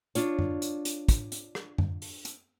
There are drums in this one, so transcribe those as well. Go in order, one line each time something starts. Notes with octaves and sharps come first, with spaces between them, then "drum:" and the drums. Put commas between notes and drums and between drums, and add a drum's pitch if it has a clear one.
D4 F4 C#5, drum: hi-hat
drum: tom F#2
drum: hi-hat
drum: hi-hat
drum: kick, hi-hat
drum: hi-hat
drum: rim click
drum: tom F#2
drum: open hi-hat
drum: hi-hat